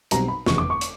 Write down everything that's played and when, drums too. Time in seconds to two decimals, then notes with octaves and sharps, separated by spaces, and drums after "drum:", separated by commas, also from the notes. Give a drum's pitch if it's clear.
0.11 B1 B2 G3 C4 A#5, drum: hi-hat
0.28 B5
0.46 F1 E2 C#3 C#6, drum: snare
0.58 D6
0.70 C#6
0.81 drum: hi-hat